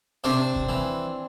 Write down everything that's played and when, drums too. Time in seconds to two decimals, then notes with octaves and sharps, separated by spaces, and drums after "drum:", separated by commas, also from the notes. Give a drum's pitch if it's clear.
0.24 C3 C4 D4
0.54 drum: kick D#1
0.69 E3